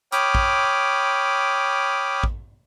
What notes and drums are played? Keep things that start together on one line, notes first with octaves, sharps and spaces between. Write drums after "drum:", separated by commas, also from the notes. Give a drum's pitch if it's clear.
C#5 G5 B5 D6 D#6 F6, drum: hi-hat
drum: kick
drum: kick